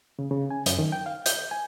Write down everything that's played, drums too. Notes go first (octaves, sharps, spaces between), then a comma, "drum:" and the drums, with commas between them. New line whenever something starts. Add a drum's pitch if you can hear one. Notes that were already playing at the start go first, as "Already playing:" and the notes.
C#3
C#3
G#5
F#2, drum: hi-hat
D#3
G5
F5
G6, drum: hi-hat
G#5